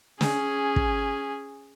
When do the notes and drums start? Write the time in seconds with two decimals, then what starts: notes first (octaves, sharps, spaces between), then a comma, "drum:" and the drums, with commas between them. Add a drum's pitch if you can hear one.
0.21 C#4 G#4, drum: snare
0.76 drum: kick